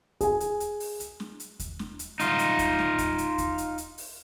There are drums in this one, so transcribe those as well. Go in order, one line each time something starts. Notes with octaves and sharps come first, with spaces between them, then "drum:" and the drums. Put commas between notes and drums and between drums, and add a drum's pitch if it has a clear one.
G#4 G#5, drum: kick D#2, hi-hat
drum: hi-hat
drum: hi-hat
drum: open hi-hat
drum: hi-hat
drum: snare
drum: hi-hat
drum: kick D#2, hi-hat
drum: snare
drum: hi-hat
D#4 F4, drum: hi-hat
drum: hi-hat
drum: kick D#2, hi-hat
drum: snare
drum: kick D#2, hi-hat
drum: hi-hat
drum: kick D#2, hi-hat
drum: hi-hat
drum: hi-hat
drum: open hi-hat